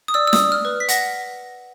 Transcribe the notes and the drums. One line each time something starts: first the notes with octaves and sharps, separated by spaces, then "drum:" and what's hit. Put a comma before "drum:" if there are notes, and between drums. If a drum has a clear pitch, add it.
D#6
D5 E6
E6
D#6, drum: snare
D5
F6
B4
B6
F#5 A#6, drum: hi-hat